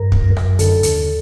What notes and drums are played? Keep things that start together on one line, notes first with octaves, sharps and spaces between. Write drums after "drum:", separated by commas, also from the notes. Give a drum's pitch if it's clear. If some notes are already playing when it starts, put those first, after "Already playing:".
Already playing: G2 A#4
F#2, drum: kick
F#2, drum: rim click
D3 A4, drum: hi-hat
D#2, drum: hi-hat